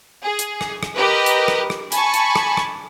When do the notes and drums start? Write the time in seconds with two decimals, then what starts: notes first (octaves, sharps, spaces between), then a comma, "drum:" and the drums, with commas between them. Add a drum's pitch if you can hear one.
0.23 G#4
0.39 drum: hi-hat
0.61 drum: rim click
0.83 drum: rim click
0.96 G4 A#4 B4 D#5
1.26 drum: hi-hat
1.48 drum: rim click
1.70 drum: rim click
1.92 G#5 A5 B5 C#6, drum: hi-hat
2.14 drum: hi-hat
2.36 drum: rim click
2.57 drum: rim click